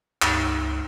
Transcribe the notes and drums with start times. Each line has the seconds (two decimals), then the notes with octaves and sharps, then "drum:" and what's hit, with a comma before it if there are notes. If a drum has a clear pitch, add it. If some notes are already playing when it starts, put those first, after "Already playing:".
0.22 C#2 G2 D#4 A6, drum: clap